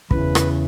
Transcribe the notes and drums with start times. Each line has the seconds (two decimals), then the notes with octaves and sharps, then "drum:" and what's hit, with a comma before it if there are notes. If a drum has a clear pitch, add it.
0.11 E2 C#3 E3 B4, drum: kick
0.35 drum: rim click